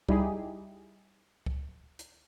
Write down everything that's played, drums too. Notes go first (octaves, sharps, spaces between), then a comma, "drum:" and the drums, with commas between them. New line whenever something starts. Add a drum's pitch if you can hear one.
G3 D#4 E4 G4 G#4, drum: kick C#2
drum: kick C#2
drum: hi-hat